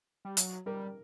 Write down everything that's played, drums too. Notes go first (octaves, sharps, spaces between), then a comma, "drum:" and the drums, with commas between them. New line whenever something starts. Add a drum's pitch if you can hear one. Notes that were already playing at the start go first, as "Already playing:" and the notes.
G3
F#3, drum: hi-hat
G3 A#4